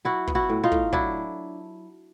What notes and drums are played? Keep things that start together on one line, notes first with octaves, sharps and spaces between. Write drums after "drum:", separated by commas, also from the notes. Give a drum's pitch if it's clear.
F#3 E4 F#4
B3, drum: kick
E4 F#4
A2
D#4 F4
A2, drum: kick
F#3 D4 E4, drum: kick